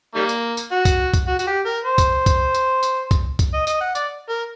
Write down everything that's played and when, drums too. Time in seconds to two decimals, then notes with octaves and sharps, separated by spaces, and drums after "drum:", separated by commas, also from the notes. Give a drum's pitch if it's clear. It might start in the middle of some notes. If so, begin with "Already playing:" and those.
0.15 D#3 G3 A#3
0.29 drum: tambourine
0.57 drum: tambourine
0.71 F#4
0.85 drum: kick C2, tambourine
1.14 drum: kick C2, tambourine
1.27 F#4
1.39 F#4, drum: tambourine
1.47 G4
1.66 A#4
1.84 C5
1.98 drum: kick C2, tambourine
2.26 drum: kick C2, tambourine
2.55 drum: tambourine
2.83 drum: tambourine
3.11 drum: kick C2, tambourine
3.39 drum: kick C2, tambourine
3.53 D#5
3.67 D#5, drum: tambourine
3.81 F#5
3.95 D5, drum: tambourine
4.29 A#4